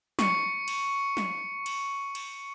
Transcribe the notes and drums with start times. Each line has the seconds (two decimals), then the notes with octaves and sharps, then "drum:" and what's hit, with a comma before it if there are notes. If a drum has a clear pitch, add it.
0.19 C#6 C#7, drum: snare
0.68 drum: cymbal
1.17 drum: snare
1.66 drum: cymbal
2.15 drum: cymbal